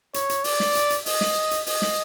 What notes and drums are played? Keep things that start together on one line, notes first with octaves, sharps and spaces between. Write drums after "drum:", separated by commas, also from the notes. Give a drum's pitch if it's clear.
C#5, drum: hi-hat
drum: hi-hat
D5, drum: open hi-hat
drum: snare
drum: hi-hat
drum: hi-hat
D#5, drum: open hi-hat
drum: snare
drum: hi-hat
D#5, drum: open hi-hat
drum: snare